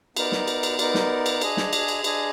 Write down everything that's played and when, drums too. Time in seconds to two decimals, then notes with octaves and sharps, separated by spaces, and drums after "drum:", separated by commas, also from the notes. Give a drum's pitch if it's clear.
0.17 B3 D#4 A#4 D5, drum: cymbal
0.32 drum: snare
0.48 drum: cymbal
0.63 drum: cymbal
0.79 B3 D#4 A#4 D5, drum: cymbal
0.94 drum: snare
1.26 drum: cymbal
1.41 D4 G#4 D#5 G#5, drum: cymbal
1.57 drum: snare
1.73 drum: cymbal
1.88 drum: cymbal
2.04 D4 G#4 D#5 G#5, drum: cymbal